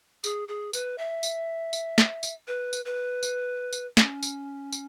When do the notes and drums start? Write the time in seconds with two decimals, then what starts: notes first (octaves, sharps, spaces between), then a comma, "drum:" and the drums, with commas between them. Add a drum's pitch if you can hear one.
0.24 G#4, drum: tambourine
0.48 G#4
0.73 B4, drum: tambourine
0.98 E5
1.23 drum: tambourine
1.73 drum: tambourine
1.98 drum: snare
2.23 drum: tambourine
2.47 B4
2.73 drum: tambourine
2.85 B4
3.23 drum: tambourine
3.73 drum: tambourine
3.97 C#4, drum: snare
4.23 drum: tambourine
4.72 drum: tambourine